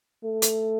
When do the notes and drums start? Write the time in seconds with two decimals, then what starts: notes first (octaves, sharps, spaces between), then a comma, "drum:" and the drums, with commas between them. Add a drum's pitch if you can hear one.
0.24 A3
0.42 drum: hi-hat